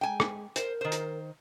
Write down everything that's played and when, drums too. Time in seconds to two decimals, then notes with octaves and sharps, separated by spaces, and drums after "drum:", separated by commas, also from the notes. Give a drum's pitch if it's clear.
0.01 G#3 G5 G#5
0.20 drum: rim click
0.56 A#4 C5, drum: hi-hat
0.81 D#3 C5
0.92 drum: hi-hat